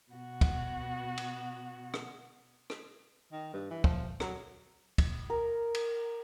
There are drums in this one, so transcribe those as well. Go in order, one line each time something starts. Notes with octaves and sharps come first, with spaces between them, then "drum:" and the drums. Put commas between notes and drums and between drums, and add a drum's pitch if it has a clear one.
B2 F#4
drum: kick, cymbal
drum: cymbal
drum: rim click
drum: rim click
D#3
G2
E3
F3, drum: kick
F#3, drum: rim click
drum: kick, cymbal
A#4
drum: cymbal